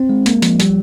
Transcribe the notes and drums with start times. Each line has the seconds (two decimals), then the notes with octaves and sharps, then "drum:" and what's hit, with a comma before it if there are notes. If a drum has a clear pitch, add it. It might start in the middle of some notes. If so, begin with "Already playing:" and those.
Already playing: C4
0.09 G#3
0.26 A#3, drum: hi-hat
0.42 F3, drum: hi-hat
0.60 G3, drum: hi-hat